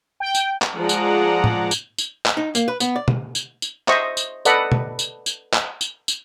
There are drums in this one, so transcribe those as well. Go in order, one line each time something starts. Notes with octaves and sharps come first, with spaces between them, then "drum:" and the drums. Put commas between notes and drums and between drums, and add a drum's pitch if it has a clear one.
G5
drum: tambourine
drum: clap
F3 G#3 G#4 D5 F#5 A#5
drum: tambourine
drum: tom
drum: tambourine
drum: tambourine
drum: clap
D#4
A#3, drum: tambourine
B4
B3, drum: tambourine
D5
drum: tom
drum: tambourine
drum: tambourine
C5 D#5 E5 C#6, drum: clap
drum: tambourine
A4 B4 D5 D#5 F#5 B5, drum: tambourine
drum: tom
drum: tambourine
drum: tambourine
drum: clap
drum: tambourine
drum: tambourine